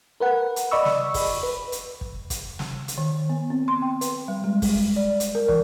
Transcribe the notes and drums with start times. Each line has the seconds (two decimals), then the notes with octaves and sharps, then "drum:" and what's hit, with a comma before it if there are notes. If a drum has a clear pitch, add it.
0.20 A#4 B4 F#5
0.56 drum: hi-hat
0.71 D5 D#5 B5 C#6 E6
0.85 drum: snare
1.14 drum: kick, open hi-hat
1.43 B4
1.72 drum: hi-hat
2.01 drum: kick
2.30 drum: kick, hi-hat
2.59 drum: snare
2.88 drum: hi-hat
2.98 D#3
3.29 B3
3.50 C4
3.68 C6
3.82 G5
4.01 B4, drum: hi-hat
4.28 G3
4.44 G#3
4.62 drum: kick, open hi-hat
4.73 G#3
4.96 D5
5.20 drum: hi-hat
5.35 A#4
5.48 E3, drum: kick